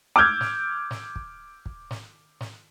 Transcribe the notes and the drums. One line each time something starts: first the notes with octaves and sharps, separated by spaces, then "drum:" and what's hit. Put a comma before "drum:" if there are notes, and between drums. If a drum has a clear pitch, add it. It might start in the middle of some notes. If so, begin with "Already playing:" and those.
D6 E6 F6 G6 G#6
drum: snare
drum: snare
drum: kick
drum: kick
drum: snare
drum: snare